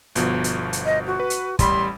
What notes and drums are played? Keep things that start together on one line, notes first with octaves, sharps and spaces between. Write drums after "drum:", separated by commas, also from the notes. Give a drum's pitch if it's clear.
G1 B2 F3, drum: hi-hat
drum: hi-hat
drum: hi-hat
D#5
F#4
B4
drum: hi-hat
A1 G3 B5 C6, drum: kick, hi-hat